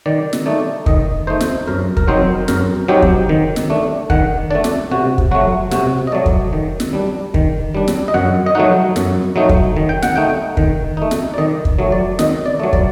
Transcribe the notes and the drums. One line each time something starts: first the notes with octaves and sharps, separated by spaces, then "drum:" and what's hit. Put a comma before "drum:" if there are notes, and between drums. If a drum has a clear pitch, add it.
D#3 D5
drum: snare
A3 D#4 D5
D#3 D#5, drum: kick
A3 D#4 C5
drum: snare
F#2 A#4
A#4, drum: kick
F#3 C4 D#4 C5
F#2 A#4, drum: snare
F#3 C4 D#4 G4
drum: kick
D#3
drum: snare
A3 D4
D#3 F#5, drum: kick
A3 D4 D5
drum: snare
C3 F#4
drum: kick
F#3 A3 F#4
C3 F#4, drum: snare
D#5
F#3 A3 D5
drum: kick
D#3
drum: snare
G3 D4
D#3, drum: kick
G3 D4
drum: snare
D#5
F#2 F#5
D#5
F#3 A3 D#4 F#5
F#2, drum: snare
F#3 A3 D#4
drum: kick
D#3
G5
F#5, drum: snare
A3 D#4 G5
D#3, drum: kick
A3 D#4
drum: snare
D5
D#3 D#5
drum: kick
F#3 A3
D5
D#3 D#5, drum: snare
D5
F#3 A3
D5, drum: kick